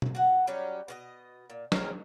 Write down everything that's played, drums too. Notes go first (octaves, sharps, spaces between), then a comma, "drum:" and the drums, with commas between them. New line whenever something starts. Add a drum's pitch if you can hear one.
drum: tom B2
F#4 F#5
F#3 G3 C#4 G4
B2 F#4 D#5
A#2
C4 C#4 G#4 A#4, drum: snare